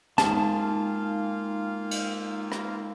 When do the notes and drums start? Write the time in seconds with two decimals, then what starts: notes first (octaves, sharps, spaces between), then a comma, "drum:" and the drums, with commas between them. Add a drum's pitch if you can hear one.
0.18 G#3 A#3 D#4 F4 F5 G5 A5, drum: snare
1.91 drum: cymbal
2.52 drum: rim click